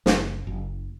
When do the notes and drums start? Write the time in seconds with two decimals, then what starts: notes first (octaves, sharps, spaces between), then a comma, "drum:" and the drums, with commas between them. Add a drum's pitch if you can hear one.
0.06 F#1, drum: snare
0.47 F#1